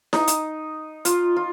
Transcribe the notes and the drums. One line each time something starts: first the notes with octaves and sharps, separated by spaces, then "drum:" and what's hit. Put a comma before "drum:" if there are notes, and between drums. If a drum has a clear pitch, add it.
D#4, drum: snare E4
drum: hi-hat
F4, drum: hi-hat
F4